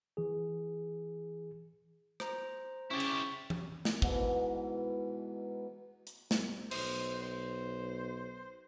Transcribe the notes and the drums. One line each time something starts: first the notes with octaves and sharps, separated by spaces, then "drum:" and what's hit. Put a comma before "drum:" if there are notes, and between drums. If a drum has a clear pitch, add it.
E3 G#4
C5 A#5, drum: rim click
C#3 C#4 E4 G4 C#6 A6
drum: cymbal
drum: tom E3
drum: snare
G#2 B2 E3, drum: kick
drum: hi-hat
G3, drum: snare
B1 C5, drum: cymbal
C5